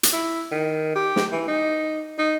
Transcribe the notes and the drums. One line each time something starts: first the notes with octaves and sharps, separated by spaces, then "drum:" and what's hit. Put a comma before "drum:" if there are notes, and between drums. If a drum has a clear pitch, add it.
drum: hi-hat
E4
D#3
G4
drum: snare
E3
D#4
D#4